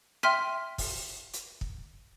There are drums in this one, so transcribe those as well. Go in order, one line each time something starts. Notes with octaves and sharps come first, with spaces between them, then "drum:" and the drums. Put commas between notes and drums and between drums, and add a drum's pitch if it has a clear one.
E5 G5 C6 F6 B6 D#7, drum: rim click
drum: kick, open hi-hat
drum: hi-hat
drum: kick